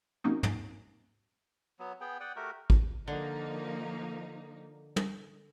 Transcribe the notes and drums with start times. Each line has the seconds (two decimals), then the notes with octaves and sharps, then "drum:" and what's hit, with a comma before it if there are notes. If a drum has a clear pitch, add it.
0.24 C3 F#3 A#3 C#4 D#4
0.43 drum: tom
1.79 F#3 B3
2.01 B3 G#4 G5
2.20 D5 F#5 G5 D#6
2.36 A3 F#4 G4 A#4
2.70 drum: kick
3.08 D3 F3 A#3 D#4
4.96 drum: tom